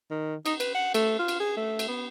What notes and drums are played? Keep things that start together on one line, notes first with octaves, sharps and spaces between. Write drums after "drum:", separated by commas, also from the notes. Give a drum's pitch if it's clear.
D#3
D#4, drum: cymbal
B4, drum: cymbal
F#5
A3, drum: cymbal
F4
drum: cymbal
G#4
A3
drum: cymbal
B3